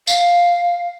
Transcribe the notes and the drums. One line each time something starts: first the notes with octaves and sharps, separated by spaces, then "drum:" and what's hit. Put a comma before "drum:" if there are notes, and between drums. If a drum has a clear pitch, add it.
F5, drum: tambourine